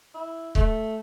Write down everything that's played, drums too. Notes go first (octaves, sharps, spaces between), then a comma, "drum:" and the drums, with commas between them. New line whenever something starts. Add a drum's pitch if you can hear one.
E4
A3, drum: kick